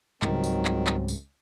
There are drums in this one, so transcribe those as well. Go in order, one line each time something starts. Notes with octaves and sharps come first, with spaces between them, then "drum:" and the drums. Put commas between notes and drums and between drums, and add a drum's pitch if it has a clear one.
C#2 G#2 D#3 F#3 G3 C4, drum: clap
drum: tambourine
drum: clap
drum: clap
drum: tambourine